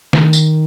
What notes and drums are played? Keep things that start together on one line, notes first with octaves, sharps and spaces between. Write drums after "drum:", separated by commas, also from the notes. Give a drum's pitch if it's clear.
D#3, drum: snare
drum: tambourine